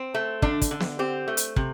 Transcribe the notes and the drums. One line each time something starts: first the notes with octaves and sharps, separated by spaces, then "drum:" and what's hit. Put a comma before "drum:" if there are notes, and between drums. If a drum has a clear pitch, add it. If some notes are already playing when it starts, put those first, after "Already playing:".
Already playing: C4
A3
D3 D4, drum: kick
drum: kick, hi-hat
D3
drum: snare
C4 G4
A3
drum: hi-hat
C3, drum: kick